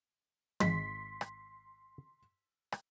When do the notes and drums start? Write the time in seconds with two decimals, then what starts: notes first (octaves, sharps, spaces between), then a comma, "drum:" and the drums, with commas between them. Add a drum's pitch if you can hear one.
0.60 G#1 G#3 C6 B6, drum: tom
1.21 drum: rim click
2.72 drum: rim click